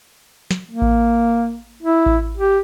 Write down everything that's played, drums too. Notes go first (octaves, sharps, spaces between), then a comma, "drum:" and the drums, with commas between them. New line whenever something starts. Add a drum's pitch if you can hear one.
drum: snare
A#3
drum: kick A1
E4
drum: kick A1
G4